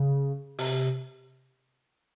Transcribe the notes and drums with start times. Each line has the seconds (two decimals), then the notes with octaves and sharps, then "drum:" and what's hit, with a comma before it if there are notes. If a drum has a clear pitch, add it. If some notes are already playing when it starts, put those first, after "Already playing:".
Already playing: C#3
0.58 C3, drum: open hi-hat